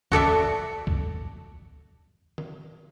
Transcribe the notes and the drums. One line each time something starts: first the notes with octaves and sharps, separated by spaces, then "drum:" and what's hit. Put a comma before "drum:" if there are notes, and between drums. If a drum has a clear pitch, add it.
F#4 A4 D5 E5, drum: kick
drum: kick
drum: tom D3